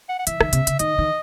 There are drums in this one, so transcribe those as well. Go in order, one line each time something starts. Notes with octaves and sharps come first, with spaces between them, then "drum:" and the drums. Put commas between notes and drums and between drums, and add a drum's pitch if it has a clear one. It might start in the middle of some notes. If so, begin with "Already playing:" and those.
F#5
F#5
E3 E5, drum: hi-hat
D#3, drum: rim click
C3, drum: hi-hat
C#3, drum: hi-hat
D#3 D#5, drum: hi-hat
D#3